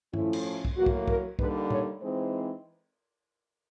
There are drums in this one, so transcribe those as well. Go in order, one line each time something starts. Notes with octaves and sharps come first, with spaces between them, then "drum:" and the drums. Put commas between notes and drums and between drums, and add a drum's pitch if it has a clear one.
A2 F3 A3 C#4 E4, drum: tom G2
drum: cymbal
drum: kick
A2 F#3 A#3 F#4
drum: kick
A#4, drum: kick
D3 G3 A#3 D#4 B4, drum: kick
C#5, drum: tom A#2
E3 G#3 C4 D#4 C5